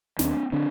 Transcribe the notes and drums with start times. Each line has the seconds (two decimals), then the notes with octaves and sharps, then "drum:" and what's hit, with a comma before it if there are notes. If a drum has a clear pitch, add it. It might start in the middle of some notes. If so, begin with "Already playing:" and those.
0.19 D#2 C4 D4, drum: snare
0.52 D3 C4 D4